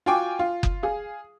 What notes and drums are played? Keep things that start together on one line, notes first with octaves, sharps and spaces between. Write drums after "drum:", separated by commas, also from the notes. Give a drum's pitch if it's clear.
F4 F#4 F5 G5 G#5 D6
F4
drum: kick F#1
G#4 F5